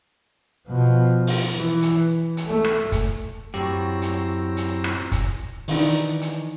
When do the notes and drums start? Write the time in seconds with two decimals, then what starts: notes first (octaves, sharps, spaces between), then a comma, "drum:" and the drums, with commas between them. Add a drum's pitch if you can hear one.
0.68 B2 F3
1.27 drum: open hi-hat
1.55 E3
1.82 drum: hi-hat
2.37 drum: hi-hat
2.46 A3
2.64 drum: rim click
2.92 drum: kick, hi-hat
3.54 F#2 A2 F#3 C4 G4 A#5 E6
4.02 drum: hi-hat
4.57 drum: hi-hat
4.84 drum: rim click
5.12 drum: kick, hi-hat
5.68 D#3 E3 D4 D#4, drum: open hi-hat
6.21 drum: hi-hat